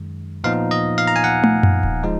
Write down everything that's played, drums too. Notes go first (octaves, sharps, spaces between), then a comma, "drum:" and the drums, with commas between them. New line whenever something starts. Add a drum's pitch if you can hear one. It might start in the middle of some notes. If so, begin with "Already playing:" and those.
Already playing: F#2 D#3 G#3
A#2 F3 B3 D#4 F5
D#5
F5
A#5
G#5
F#5
drum: tom
drum: tom F#2
drum: kick D1
F3 G#3 D#4